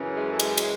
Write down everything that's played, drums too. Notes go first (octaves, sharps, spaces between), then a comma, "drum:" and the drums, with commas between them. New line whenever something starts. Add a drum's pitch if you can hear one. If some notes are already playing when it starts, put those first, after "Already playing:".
Already playing: F#2 C#3 E3
G#3
A3
G#3, drum: cymbal
drum: cymbal